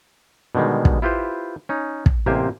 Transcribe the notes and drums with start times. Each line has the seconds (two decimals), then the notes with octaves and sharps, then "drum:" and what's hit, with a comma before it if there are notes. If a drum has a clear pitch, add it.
0.55 B2 D3 D#3 G3 G#3
0.85 drum: kick
1.02 E4 F4 G4 B4 C5
1.69 C#4 D#4
2.06 drum: kick
2.26 A1 C3 A#3 G4 C5 G#5